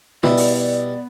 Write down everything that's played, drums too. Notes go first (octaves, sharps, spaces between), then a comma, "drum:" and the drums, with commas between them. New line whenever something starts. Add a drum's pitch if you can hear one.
B2 G3 B3 E4 D5, drum: snare
drum: open hi-hat